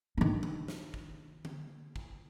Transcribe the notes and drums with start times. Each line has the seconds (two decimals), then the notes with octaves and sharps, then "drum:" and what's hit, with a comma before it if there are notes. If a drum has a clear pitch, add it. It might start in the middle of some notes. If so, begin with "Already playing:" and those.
0.18 D#3 D4
0.43 drum: tom D#3
0.68 drum: snare
0.94 drum: kick
1.45 drum: tom D3
1.96 drum: kick